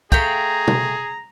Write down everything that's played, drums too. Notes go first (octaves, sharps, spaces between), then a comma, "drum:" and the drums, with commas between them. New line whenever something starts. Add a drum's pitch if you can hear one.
A3 G#4 F5 G5 A#5, drum: kick
drum: tom